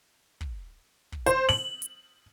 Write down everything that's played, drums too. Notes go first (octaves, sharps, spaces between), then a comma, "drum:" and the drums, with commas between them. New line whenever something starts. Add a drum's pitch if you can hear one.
drum: kick
drum: kick
C5, drum: hi-hat
F#7, drum: open hi-hat
drum: hi-hat